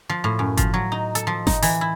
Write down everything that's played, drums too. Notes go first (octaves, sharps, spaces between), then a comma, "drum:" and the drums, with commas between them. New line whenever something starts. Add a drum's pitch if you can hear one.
F3
A2
F#2
F3, drum: kick G1, hi-hat
F#3
D#4
A4, drum: hi-hat
F3
D#4, drum: snare G1
E3, drum: open hi-hat
E4